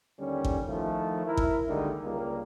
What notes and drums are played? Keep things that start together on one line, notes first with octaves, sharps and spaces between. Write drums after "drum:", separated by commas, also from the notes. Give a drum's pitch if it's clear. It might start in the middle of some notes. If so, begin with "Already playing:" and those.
D#2 D3 G3 C#4
drum: kick G#1
D#3 F3 A3 E4 F4
E4 A#4
drum: kick G#1
D3 D#3 G3 G#3 A#3 D#4
C#2 G3 A#3